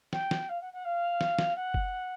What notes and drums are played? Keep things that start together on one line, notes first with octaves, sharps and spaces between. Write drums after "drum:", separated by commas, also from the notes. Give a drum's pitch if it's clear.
G5, drum: snare
drum: snare
F5
F#5
F#5
F5
drum: snare
drum: snare
F#5
drum: kick F#1